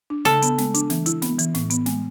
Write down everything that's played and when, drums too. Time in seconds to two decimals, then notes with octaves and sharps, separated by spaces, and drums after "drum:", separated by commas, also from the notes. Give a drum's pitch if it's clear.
0.10 D4
0.25 C#3 A4, drum: snare
0.42 B3, drum: hi-hat
0.58 G#3, drum: snare
0.74 D4, drum: hi-hat
0.90 E3, drum: snare
1.06 E4, drum: hi-hat
1.22 B3, drum: snare
1.39 E3, drum: hi-hat
1.54 A2, drum: snare
1.70 B3, drum: hi-hat
1.86 G#3, drum: snare